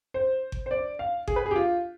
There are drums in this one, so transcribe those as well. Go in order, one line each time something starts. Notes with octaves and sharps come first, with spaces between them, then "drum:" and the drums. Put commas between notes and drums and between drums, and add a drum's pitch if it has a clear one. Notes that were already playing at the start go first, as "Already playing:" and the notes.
C5
drum: kick G1
C5
D5
F5
G#4, drum: kick G1
B4
G#4
G4
F4